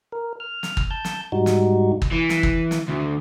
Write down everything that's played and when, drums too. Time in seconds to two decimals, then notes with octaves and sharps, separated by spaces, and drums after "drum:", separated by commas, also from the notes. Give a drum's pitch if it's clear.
0.12 A#4
0.40 F6
0.63 drum: snare
0.77 drum: kick
0.91 A5 G6
1.05 drum: snare
1.32 G#2 G3 D#4 F#4
1.46 drum: snare
2.02 drum: kick
2.11 E3
2.29 drum: snare
2.43 drum: kick
2.71 drum: snare
2.88 D2